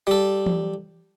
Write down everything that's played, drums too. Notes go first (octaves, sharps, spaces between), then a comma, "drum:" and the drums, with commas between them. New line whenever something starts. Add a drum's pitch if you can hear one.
G3 A4
drum: tom E3